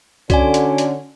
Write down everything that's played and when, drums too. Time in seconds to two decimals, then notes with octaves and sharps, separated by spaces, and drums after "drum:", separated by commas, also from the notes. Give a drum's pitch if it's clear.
0.30 D3 C#4 F#4 D5 G#5, drum: kick, hi-hat
0.54 drum: hi-hat
0.78 drum: hi-hat